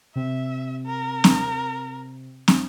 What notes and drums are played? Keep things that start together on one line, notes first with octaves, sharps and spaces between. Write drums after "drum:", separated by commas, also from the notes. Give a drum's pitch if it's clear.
C3 C4 E5
A#4
drum: snare
drum: snare